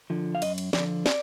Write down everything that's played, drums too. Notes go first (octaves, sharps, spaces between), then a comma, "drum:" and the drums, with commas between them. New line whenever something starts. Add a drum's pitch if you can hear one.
D3 F3
F5
F#2 D#5, drum: cymbal
drum: cymbal
D3 F3 D5, drum: snare
D5, drum: snare